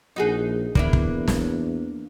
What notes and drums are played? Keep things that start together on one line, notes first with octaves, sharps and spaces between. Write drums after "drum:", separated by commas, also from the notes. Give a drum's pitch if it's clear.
A#1 D#4 F#4 G#4
E2 A#3 D4 E4, drum: kick
drum: kick
drum: snare